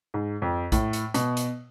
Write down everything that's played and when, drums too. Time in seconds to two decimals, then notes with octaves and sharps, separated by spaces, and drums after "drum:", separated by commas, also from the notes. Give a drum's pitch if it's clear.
0.14 G#2
0.42 F2
0.72 A2, drum: kick A#1, hi-hat
0.93 drum: hi-hat
1.14 B2, drum: hi-hat
1.37 drum: hi-hat